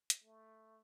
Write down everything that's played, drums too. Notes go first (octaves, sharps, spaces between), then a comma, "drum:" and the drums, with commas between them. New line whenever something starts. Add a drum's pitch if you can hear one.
drum: hi-hat
A3